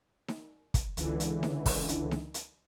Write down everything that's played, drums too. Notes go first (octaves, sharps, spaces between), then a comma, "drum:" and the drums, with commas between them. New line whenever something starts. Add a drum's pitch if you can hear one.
drum: snare D#4
drum: kick, hi-hat
C#2 D3 E3, drum: hi-hat
drum: hi-hat
drum: snare D#4
drum: kick, open hi-hat
drum: hi-hat
drum: snare D#4
drum: hi-hat